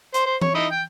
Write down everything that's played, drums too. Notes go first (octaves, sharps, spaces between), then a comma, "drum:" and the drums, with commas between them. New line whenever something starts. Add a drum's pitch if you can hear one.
C5, drum: hi-hat
C5
C#5, drum: tom E3
D#4 E4 D#5
G5